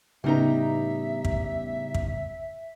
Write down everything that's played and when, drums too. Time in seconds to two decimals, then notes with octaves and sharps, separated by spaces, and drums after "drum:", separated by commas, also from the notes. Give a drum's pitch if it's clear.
0.24 A2 C#3 G3 B3 D#4 E5 A#5
1.25 drum: kick
1.95 drum: kick